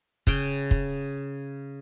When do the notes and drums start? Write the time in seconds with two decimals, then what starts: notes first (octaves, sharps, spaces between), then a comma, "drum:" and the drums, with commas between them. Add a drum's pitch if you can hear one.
0.27 C#3 G5, drum: kick
0.71 drum: kick